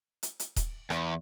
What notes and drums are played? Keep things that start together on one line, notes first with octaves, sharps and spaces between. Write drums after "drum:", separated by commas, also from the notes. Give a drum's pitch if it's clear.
drum: hi-hat
drum: hi-hat
drum: kick D#1, hi-hat
E2, drum: rim click